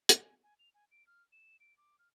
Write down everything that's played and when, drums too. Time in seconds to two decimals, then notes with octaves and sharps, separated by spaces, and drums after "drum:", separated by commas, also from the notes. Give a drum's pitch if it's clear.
0.09 G#5, drum: hi-hat
0.21 G#5
0.43 G#5
0.59 F7
0.74 G#5
0.91 D7
1.07 F6
1.32 E7
1.60 D7
1.77 D6
1.99 F6